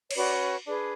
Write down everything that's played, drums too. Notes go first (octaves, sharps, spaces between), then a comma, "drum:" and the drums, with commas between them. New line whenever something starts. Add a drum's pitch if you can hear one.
C#5, drum: cymbal
C#4 F#4 B4 D5
D4 G#4 B4 D5